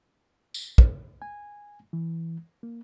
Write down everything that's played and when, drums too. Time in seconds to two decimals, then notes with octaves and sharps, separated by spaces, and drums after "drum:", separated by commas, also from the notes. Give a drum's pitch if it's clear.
0.54 drum: tambourine
0.78 drum: kick
1.22 G#5
1.93 E3
2.63 A#3